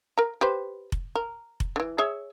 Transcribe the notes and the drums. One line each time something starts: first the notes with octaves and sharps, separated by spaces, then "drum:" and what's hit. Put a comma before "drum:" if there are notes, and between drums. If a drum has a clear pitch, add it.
A#4 A#5
G4 B4 C5
drum: kick F1
A#4
drum: kick F1
D3 E3
G#4 C#5 E5